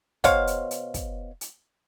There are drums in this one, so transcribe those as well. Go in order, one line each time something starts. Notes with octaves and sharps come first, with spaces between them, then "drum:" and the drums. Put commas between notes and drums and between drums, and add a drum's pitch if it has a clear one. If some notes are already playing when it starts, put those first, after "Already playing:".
B2 C5 C#5 F5, drum: kick, hi-hat
drum: hi-hat
drum: hi-hat
drum: kick, hi-hat
drum: hi-hat